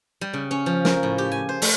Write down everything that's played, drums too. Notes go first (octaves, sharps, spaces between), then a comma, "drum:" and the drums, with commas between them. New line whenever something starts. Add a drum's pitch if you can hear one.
G3
C#3
C#4
F3
A#4, drum: snare
A2
G4
G#5
C5
A3, drum: open hi-hat